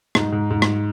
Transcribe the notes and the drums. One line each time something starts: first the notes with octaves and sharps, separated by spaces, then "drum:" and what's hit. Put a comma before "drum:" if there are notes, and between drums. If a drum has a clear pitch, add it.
G#2 D#4, drum: rim click
G#2
G#2
drum: rim click